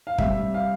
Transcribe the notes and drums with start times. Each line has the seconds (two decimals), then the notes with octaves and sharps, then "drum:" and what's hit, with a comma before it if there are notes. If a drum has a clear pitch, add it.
0.07 F5
0.18 C3 G3 C4 E5, drum: kick
0.54 F5